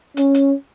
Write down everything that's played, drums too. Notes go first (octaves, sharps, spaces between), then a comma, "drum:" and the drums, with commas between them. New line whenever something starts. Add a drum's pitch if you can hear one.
C#4, drum: hi-hat
drum: hi-hat